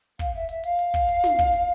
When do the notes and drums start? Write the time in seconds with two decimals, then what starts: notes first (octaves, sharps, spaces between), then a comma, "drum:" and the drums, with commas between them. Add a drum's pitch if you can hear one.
0.19 F5, drum: kick, hi-hat
0.34 E5
0.49 E5, drum: hi-hat
0.64 F5, drum: hi-hat
0.79 drum: hi-hat
0.94 drum: kick, hi-hat
1.09 drum: hi-hat
1.24 drum: snare
1.39 drum: kick, hi-hat
1.54 drum: hi-hat